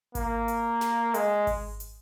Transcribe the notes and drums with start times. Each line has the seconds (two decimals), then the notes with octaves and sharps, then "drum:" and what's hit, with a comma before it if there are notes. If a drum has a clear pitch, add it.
0.15 A#3, drum: kick G#1, hi-hat
0.48 drum: hi-hat
0.81 drum: snare
1.14 G#3, drum: hi-hat
1.47 drum: kick G#1, open hi-hat
1.80 drum: hi-hat